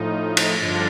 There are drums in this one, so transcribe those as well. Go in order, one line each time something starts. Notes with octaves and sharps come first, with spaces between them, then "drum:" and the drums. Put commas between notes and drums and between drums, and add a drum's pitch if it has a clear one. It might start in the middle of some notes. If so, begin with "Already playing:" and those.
Already playing: A2 F3 D#4
drum: cymbal
G2 D3 F3 D4 F4